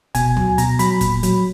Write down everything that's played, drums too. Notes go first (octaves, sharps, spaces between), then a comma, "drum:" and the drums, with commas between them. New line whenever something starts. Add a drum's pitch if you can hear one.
B2 G#5, drum: kick, hi-hat
F#3, drum: tom D2
B2 A#5, drum: hi-hat
F#3 B5, drum: hi-hat
A#2, drum: kick, hi-hat
F#3, drum: hi-hat